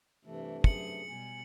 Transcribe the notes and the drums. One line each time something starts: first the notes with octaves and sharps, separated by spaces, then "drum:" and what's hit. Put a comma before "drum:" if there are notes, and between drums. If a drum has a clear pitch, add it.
G2 C3 E3 A3
F#2 G#4 C#7 F#7, drum: kick
B2 G3 G#5